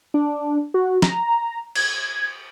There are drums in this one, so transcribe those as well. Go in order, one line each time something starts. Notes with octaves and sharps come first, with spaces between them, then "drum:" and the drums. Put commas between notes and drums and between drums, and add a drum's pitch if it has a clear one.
D4
F#4
A#5, drum: snare
G#6, drum: cymbal